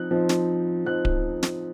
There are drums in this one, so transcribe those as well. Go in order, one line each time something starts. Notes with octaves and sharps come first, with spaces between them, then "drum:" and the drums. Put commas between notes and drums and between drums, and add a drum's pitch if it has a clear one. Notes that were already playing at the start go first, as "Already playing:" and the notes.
Already playing: F3 C4 D#4 F#6
F3 C4 D#4
drum: snare
F3 C4 D#4 F#6
drum: kick D1
drum: snare